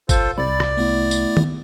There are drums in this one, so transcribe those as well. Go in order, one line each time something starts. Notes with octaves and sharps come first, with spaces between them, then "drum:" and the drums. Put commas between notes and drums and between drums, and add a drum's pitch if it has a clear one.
F4 A4 C5, drum: kick, tambourine
C2 D5 B5 A6
drum: rim click
A3 B3 E4
drum: tambourine
drum: tom D#3